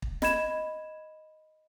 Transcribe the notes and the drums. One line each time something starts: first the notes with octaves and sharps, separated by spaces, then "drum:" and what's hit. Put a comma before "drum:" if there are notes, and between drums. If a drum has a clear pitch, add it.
drum: kick
D#5 B5 G#6 E7, drum: snare